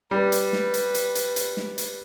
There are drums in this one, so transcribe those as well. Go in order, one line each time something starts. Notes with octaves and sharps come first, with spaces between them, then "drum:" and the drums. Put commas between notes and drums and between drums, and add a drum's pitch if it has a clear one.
G3 B4
drum: hi-hat
drum: snare
drum: hi-hat
drum: hi-hat
drum: hi-hat
drum: hi-hat
drum: snare
drum: hi-hat